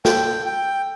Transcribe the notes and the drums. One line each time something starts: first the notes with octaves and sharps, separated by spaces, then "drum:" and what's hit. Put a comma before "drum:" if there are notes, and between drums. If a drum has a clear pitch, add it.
A4 G5, drum: snare
G5